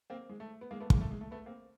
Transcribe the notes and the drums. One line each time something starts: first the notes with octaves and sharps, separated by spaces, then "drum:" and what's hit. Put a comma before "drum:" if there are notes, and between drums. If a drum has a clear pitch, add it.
A#3 C4
G#3
A3
B3
G#3 A#3
A3 B3
G#3 A#3, drum: kick
A3
G#3
A3
A3 B3
A#3 C4